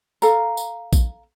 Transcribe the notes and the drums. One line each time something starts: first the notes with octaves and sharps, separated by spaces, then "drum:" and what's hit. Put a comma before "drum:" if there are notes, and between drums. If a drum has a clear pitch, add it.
A4 F5 A#5, drum: tambourine
drum: tambourine
drum: kick A#1, tambourine